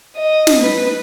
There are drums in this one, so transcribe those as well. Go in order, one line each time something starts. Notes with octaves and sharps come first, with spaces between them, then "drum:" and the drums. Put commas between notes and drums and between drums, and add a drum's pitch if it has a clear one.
D#5
drum: snare
B4